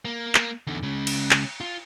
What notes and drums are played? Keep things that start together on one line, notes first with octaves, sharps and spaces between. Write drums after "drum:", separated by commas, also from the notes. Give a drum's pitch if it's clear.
A#3
drum: clap
E2 D3
C#3 G#3
drum: cymbal
drum: clap
F4